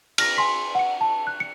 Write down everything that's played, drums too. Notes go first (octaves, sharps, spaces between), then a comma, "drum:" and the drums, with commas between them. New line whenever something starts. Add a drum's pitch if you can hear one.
F6 A#6, drum: cymbal
G#5 C6 B6
F#5 C#7
A5
F#6
C#7